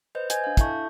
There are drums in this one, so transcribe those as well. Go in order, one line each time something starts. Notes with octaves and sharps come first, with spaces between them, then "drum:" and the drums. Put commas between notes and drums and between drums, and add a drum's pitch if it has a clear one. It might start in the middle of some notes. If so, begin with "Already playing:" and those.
B4 C5 D#5 G6
D#5 G#5 G6 G#6, drum: hi-hat
D4 F5
E4 A4 E5 A5 C#6 G6, drum: kick, hi-hat